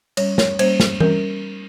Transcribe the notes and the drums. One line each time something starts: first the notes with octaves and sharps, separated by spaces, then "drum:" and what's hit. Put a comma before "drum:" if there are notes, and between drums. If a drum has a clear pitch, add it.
G3 C#4 C#5, drum: cymbal
C#5, drum: snare
G3 A#3 C#4 C5, drum: cymbal
drum: snare
G3 C#4 A#4, drum: tom E3